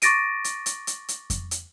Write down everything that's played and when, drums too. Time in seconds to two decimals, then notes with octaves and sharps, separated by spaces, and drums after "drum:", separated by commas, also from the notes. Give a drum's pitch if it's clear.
0.02 C#6 D6 A6 A#6 D7 D#7, drum: hi-hat
0.44 drum: hi-hat
0.66 drum: hi-hat
0.87 drum: hi-hat
1.08 drum: hi-hat
1.30 drum: kick F2, hi-hat
1.51 drum: hi-hat